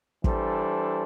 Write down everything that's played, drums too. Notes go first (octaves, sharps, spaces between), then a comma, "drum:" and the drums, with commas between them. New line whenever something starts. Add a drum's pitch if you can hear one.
E3 G3 D4 A4 C5, drum: kick